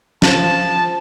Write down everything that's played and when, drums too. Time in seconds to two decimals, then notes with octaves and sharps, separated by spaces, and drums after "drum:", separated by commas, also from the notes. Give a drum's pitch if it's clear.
0.22 F3 A5, drum: snare